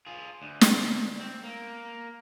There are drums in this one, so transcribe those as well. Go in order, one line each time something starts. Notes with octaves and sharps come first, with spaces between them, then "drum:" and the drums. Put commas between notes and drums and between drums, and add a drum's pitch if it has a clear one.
F4 G#4
D2
drum: snare
C4
A#3